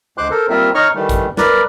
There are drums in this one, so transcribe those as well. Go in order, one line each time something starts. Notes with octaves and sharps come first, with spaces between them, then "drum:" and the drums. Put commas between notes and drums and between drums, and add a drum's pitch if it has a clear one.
D2 G#3 C5 C6 D6 F#6
A4 A#4 C5
G3 A#3 C4 F4 A#4 E5
D#4 C#5 D#5 A#5 C#6 F6
D#3 E3 G3 A3
drum: kick, hi-hat
A#4 B4 D5, drum: snare